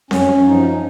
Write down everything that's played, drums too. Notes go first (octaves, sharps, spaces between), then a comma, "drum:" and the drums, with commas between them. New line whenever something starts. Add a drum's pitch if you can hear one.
F#2 C#4, drum: snare C4
F#2
F3 D#4
F#2